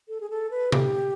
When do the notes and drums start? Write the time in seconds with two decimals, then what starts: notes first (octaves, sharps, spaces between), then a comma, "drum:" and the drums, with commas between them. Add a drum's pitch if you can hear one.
0.08 A4
0.21 G#4
0.30 A4
0.51 B4
0.72 G4, drum: tom C3